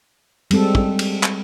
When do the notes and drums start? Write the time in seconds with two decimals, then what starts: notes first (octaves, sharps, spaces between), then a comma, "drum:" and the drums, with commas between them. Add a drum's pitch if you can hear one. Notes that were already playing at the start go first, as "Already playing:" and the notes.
0.51 G3 G#3 C4 A4, drum: cymbal
0.75 drum: kick
0.99 drum: cymbal
1.23 drum: clap